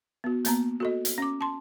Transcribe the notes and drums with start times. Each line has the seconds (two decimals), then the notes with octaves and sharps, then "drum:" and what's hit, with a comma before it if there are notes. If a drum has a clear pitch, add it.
0.24 B3 F#4
0.45 A#3 B3 A#5, drum: hi-hat
0.80 F#4 A4 D#5
1.05 drum: hi-hat
1.18 C#4 D6
1.41 A5 C6